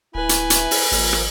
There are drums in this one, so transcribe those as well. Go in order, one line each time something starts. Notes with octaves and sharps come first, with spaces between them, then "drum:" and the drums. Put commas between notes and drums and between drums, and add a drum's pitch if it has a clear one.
D1 E4 B4 G#5
drum: hi-hat
drum: hi-hat
drum: open hi-hat
G#1 F3 A#3, drum: open hi-hat
drum: rim click